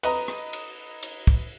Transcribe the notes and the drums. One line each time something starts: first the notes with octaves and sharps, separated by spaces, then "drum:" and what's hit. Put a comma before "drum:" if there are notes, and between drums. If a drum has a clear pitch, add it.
B4 D#5 A#5, drum: cymbal
drum: rim click
drum: cymbal
drum: cymbal
drum: kick